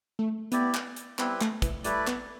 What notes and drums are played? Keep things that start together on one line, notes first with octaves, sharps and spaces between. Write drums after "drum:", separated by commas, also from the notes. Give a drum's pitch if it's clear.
A3
B3 E4 G4 D5, drum: hi-hat
drum: clap
drum: hi-hat
G3 B3 C4 E4 B4, drum: clap
A3, drum: clap
E3, drum: kick, hi-hat
G3 A3 E4 B4 D5, drum: hi-hat
B3, drum: clap